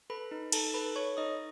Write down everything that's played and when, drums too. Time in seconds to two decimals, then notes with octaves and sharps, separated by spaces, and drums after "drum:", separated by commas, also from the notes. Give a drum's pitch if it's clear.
0.10 A4 B4 B5
0.31 D#4
0.52 D#4 A4 A5, drum: cymbal
0.74 A4 B4 B5
0.96 A4 C#5 C#6
1.17 D#4 D#5 D#6